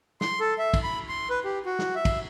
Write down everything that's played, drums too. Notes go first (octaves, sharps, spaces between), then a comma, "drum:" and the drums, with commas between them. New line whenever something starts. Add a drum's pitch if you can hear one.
C6, drum: snare
A4
E5
drum: kick, cymbal
B5
C6
B4
G4
F#4
drum: snare
E5
drum: kick, cymbal